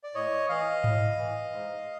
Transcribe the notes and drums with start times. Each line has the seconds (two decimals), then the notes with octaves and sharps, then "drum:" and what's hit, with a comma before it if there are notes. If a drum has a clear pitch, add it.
0.04 D5
0.15 A2 C#5 D#5
0.49 E3 D#5 F5
0.84 A2, drum: tom G#2
1.18 E3
1.53 G#2